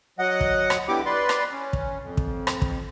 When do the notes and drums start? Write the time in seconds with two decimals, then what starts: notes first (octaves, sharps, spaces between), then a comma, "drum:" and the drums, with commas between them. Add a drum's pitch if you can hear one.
0.19 F#3 D#5 F#5
0.41 drum: kick
0.70 drum: rim click
0.88 D3 B3 E4 G4 D6
1.06 B4 D5 C6
1.29 drum: rim click
1.52 C#4
1.73 drum: kick
2.03 F2
2.17 drum: kick
2.47 drum: rim click
2.62 drum: kick